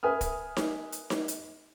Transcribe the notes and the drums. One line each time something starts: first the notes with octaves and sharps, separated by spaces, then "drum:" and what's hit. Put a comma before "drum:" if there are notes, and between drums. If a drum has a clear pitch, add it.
A#4 B4 E5 G#5 D#6 F6
drum: kick, hi-hat
drum: snare D#4
drum: hi-hat
drum: snare D#4
drum: hi-hat